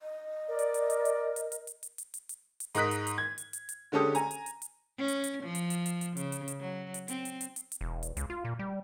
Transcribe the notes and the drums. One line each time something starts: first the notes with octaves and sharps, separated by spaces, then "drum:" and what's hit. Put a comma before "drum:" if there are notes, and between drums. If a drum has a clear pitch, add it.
D#5
A#4 D5
drum: hi-hat
drum: hi-hat
drum: hi-hat
drum: hi-hat
drum: hi-hat
drum: hi-hat
drum: hi-hat
drum: hi-hat
drum: hi-hat
drum: hi-hat
drum: hi-hat
drum: hi-hat
G#2 D#4 A#4 D#6 F#6 B6, drum: hi-hat
drum: hi-hat
drum: hi-hat
G#6
drum: hi-hat
drum: hi-hat
drum: hi-hat
D3 G#3 C#4 G4 A4 D#6
G#5 A#5, drum: hi-hat
drum: hi-hat
drum: hi-hat
drum: hi-hat
C#4
drum: hi-hat
drum: hi-hat
F3
drum: hi-hat
drum: hi-hat
drum: hi-hat
drum: hi-hat
C#3, drum: hi-hat
drum: hi-hat
drum: hi-hat
F#3
drum: hi-hat
C4, drum: hi-hat
drum: hi-hat
drum: hi-hat
drum: hi-hat
drum: hi-hat
E1
drum: hi-hat
C#2, drum: hi-hat
F4
A#2
G3